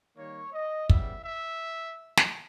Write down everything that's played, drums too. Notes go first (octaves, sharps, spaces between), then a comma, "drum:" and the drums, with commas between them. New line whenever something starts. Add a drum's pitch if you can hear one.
D#3 G3 A#3 C#5
D#5
C#3 E3 G3 B3 E5, drum: kick
E5
drum: snare